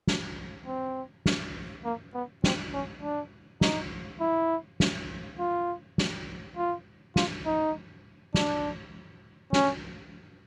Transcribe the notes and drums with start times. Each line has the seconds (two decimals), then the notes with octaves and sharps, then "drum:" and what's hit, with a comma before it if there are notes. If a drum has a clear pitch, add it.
0.07 drum: snare
0.67 C4
1.26 drum: snare
1.85 A#3
2.14 B3
2.44 C4, drum: snare
2.73 C#4
3.03 D4
3.61 D#4, drum: snare
4.20 E4
4.80 drum: snare
5.39 F4
5.98 drum: snare
6.57 F4
7.16 F4, drum: snare
7.46 D#4
8.34 D4, drum: snare
9.53 C#4, drum: snare